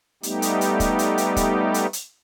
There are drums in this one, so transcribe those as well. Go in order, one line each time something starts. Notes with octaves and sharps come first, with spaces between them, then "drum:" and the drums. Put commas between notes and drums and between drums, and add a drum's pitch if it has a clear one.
G3 A3 B3 D#4 G4, drum: hi-hat
drum: hi-hat
drum: hi-hat
drum: kick, hi-hat
drum: hi-hat
drum: hi-hat
drum: kick, hi-hat
drum: hi-hat
drum: hi-hat